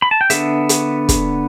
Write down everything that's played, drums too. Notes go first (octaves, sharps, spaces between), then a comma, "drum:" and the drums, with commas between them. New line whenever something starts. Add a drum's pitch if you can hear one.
B5
A5
G5
D3 B3 D4 E5, drum: hi-hat
drum: hi-hat
drum: kick, hi-hat